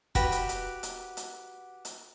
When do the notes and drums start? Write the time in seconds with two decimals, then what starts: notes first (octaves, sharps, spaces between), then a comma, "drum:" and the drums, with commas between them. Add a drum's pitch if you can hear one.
0.15 F#4 G4 B4, drum: kick, hi-hat
0.32 drum: hi-hat
0.49 drum: hi-hat
0.83 drum: hi-hat
1.17 drum: hi-hat
1.85 drum: hi-hat